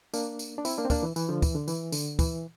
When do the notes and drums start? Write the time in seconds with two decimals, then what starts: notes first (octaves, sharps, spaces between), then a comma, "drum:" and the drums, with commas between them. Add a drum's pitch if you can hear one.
0.14 A#3 D4, drum: tambourine
0.39 drum: tambourine
0.58 D4
0.65 C4 E4, drum: tambourine
0.78 A#3 D4
0.85 C4
0.90 A#3 D4, drum: kick, tambourine
1.03 E3
1.16 E3, drum: tambourine
1.29 D3 F3
1.42 E3, drum: kick, tambourine
1.55 D3
1.68 E3, drum: tambourine
1.92 D3, drum: tambourine
2.19 E3, drum: kick, tambourine